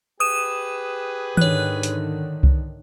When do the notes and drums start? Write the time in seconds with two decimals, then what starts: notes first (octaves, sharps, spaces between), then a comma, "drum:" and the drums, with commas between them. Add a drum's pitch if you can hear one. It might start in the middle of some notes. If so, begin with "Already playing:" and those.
0.20 G4 G#4 B4 D#6 D#7 E7
1.37 G#2 D3 D#3 C#5 F#6, drum: tom D#3
1.83 drum: hi-hat
2.43 drum: kick C2